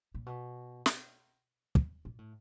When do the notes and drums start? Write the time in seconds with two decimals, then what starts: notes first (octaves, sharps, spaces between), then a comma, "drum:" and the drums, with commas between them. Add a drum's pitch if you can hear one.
0.14 A#2
0.26 B2
0.86 drum: snare
1.75 drum: kick
2.05 A#2
2.18 A2